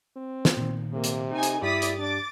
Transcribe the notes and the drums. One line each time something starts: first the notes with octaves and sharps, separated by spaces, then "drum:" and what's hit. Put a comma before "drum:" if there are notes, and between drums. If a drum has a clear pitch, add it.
C4
drum: snare
A#2 D#3
C3 A#3
drum: hi-hat
D#4 G4 G#5
drum: hi-hat
G2 E4 G4 D5 D#6 B6
drum: hi-hat
D4 D6 A6